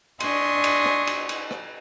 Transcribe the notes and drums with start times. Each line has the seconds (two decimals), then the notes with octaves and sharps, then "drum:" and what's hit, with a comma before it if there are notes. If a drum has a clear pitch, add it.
0.20 D4 D#5 E5 G#5 C6 C#6, drum: cymbal
0.64 drum: cymbal
0.86 drum: rim click
1.07 drum: cymbal
1.29 drum: cymbal
1.51 drum: rim click